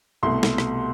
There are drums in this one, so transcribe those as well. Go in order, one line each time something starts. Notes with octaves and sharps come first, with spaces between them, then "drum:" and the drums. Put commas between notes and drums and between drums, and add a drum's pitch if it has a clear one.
C2 B2 A3 C6
drum: snare
drum: rim click